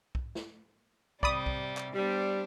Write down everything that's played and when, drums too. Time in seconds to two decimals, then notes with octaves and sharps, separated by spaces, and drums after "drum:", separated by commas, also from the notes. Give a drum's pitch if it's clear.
0.15 drum: kick B1
0.35 drum: snare
1.23 C3 G3 D5 B5 D#6, drum: kick B1
1.46 drum: kick B1
1.77 drum: clap
1.95 G3 B3 D4 C5